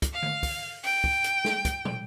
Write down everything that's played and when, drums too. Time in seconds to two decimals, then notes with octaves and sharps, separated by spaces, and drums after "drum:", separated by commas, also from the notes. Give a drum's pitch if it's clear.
0.02 drum: kick, hi-hat
0.13 F5
0.23 drum: tom D3
0.43 drum: kick, open hi-hat
0.84 G5, drum: open hi-hat
1.04 drum: kick
1.24 drum: hi-hat
1.45 drum: snare
1.65 drum: kick, hi-hat
1.85 drum: tom